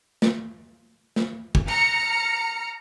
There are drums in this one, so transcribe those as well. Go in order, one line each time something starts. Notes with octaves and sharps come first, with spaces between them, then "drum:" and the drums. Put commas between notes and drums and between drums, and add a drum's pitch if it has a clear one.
drum: snare
drum: snare
drum: kick
A#5 F6 C#7, drum: cymbal